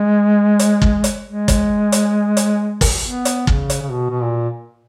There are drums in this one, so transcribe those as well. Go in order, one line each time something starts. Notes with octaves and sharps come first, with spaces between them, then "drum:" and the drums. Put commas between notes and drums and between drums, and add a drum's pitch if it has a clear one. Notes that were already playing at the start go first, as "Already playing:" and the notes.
Already playing: G#3
drum: hi-hat
drum: kick
drum: hi-hat
G#3
drum: kick, hi-hat
drum: hi-hat
drum: hi-hat
drum: kick, open hi-hat
B3
drum: hi-hat
C#3, drum: kick
drum: hi-hat
C#3
B2
B2
A#2